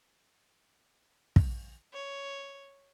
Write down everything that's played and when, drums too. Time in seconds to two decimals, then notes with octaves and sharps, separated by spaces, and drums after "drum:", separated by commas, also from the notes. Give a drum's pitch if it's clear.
1.36 drum: kick
1.94 C#5